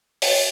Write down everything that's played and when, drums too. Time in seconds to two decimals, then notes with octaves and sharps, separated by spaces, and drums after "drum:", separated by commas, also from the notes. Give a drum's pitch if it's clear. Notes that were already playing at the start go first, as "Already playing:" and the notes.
0.22 C#5, drum: open hi-hat